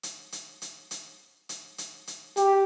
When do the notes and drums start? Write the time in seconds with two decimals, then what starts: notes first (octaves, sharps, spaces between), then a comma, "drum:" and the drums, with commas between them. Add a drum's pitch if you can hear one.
0.03 drum: hi-hat
0.32 drum: hi-hat
0.62 drum: hi-hat
0.91 drum: hi-hat
1.49 drum: hi-hat
1.78 drum: hi-hat
2.07 drum: hi-hat
2.37 G4, drum: hi-hat